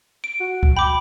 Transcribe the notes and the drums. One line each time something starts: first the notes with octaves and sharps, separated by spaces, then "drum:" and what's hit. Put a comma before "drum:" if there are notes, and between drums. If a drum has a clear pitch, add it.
D7
F#4
drum: kick C#2
G5 B5 D6